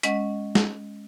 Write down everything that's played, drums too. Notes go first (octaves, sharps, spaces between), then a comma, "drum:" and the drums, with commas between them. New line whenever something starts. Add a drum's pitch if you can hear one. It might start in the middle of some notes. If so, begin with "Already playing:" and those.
G#3 C#4 D#5 F#5, drum: hi-hat
drum: snare